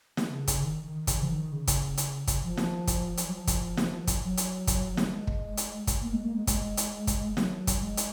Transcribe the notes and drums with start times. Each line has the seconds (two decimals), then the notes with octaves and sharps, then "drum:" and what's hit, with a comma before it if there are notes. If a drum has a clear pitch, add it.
0.17 C#3, drum: snare
0.47 drum: kick, hi-hat
0.62 D#3
0.85 D#3
1.07 C#3, drum: kick, hi-hat
1.23 F3
1.30 D#3
1.52 C#3
1.67 drum: kick, hi-hat
1.97 drum: hi-hat
2.27 drum: kick, hi-hat
2.43 F3
2.57 drum: snare
2.87 drum: kick, hi-hat
3.17 drum: hi-hat
3.28 F#3
3.33 F3
3.47 drum: kick, hi-hat
3.77 drum: snare
4.07 drum: kick, hi-hat
4.22 F#3
4.37 drum: hi-hat
4.67 drum: kick, hi-hat
4.97 drum: snare
5.12 G#3
5.27 drum: kick
5.57 drum: hi-hat
5.87 drum: kick, hi-hat
6.02 A#3
6.13 G#3
6.25 A#3
6.36 G#3
6.47 G#3, drum: kick, hi-hat
6.77 drum: hi-hat
7.07 drum: kick, hi-hat
7.37 F#3, drum: snare
7.67 drum: kick, hi-hat
7.77 F#3
7.82 G#3
7.97 drum: hi-hat